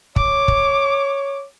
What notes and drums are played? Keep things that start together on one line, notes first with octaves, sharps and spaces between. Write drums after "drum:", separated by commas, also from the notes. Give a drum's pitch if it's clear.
C#5 D6, drum: kick
drum: kick